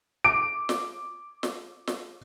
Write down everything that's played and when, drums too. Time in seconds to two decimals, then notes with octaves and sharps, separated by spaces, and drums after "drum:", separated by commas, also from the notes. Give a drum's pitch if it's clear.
0.24 D6 D7
0.69 drum: snare
1.43 drum: snare
1.87 drum: snare